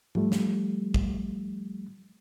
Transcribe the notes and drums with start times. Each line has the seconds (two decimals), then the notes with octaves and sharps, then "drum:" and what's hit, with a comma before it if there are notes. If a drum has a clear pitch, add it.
0.15 F3 G3 A3, drum: tom G#2
0.32 drum: snare
0.94 drum: kick